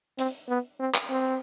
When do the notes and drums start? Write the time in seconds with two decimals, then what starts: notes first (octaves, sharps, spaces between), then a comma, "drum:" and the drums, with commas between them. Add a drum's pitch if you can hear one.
0.19 C4, drum: hi-hat
0.49 B3
0.80 C4
0.94 drum: clap
1.10 C4